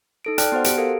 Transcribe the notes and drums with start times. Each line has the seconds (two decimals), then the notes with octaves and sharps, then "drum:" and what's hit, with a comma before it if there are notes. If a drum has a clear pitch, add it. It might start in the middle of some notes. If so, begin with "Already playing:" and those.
0.25 D#4 A4 D7
0.38 D5 G5 A5 F6 F#6, drum: hi-hat
0.52 B3 F#4 C5 F#5
0.64 G4 D7, drum: hi-hat
0.77 F#4 G4 A4 A#4 F5